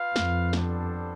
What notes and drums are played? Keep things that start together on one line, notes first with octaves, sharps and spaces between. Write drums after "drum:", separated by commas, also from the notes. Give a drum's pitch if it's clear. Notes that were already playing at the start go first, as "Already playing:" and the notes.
Already playing: F4 B4 F5
F2, drum: snare
G3 B3 D4 A4 C5, drum: snare